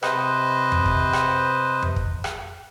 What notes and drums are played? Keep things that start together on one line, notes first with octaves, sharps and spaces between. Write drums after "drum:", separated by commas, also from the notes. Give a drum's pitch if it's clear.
C3 B4 C5 D#5, drum: rim click
drum: tom F2
drum: kick
drum: rim click
drum: tom F2
drum: kick
drum: rim click